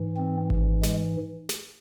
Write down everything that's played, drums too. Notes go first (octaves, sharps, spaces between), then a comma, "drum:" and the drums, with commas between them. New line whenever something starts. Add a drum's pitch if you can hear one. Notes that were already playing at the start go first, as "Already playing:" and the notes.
Already playing: G#2 E3
C4
drum: kick G#1
G#3, drum: snare
drum: snare